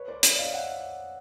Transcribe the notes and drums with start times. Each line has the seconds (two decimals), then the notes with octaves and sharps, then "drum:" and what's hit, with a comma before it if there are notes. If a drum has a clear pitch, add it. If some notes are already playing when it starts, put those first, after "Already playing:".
Already playing: B4 C#5
0.08 C5 D5
0.23 D5 E5, drum: hi-hat
0.38 D#5 F5
0.53 E5 F#5